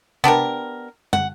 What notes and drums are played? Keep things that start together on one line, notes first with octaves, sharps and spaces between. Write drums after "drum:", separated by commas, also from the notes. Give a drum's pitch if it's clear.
B3 D4 G4 A#4, drum: tom C3
F#5, drum: tom